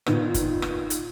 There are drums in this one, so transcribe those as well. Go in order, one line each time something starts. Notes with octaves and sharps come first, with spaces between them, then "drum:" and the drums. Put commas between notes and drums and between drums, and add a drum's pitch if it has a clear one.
A#2 D#3 B3, drum: rim click
drum: kick, hi-hat
drum: rim click
drum: hi-hat